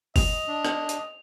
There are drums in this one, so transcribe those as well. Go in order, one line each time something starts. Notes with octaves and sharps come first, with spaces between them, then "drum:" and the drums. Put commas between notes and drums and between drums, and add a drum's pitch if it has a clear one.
D#5 F7, drum: kick, open hi-hat
D4
drum: rim click
drum: hi-hat